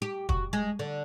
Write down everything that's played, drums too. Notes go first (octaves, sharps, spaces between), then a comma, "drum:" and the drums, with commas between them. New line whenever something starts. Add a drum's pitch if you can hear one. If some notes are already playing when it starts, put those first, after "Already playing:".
G4
F#4, drum: kick
G#3
D3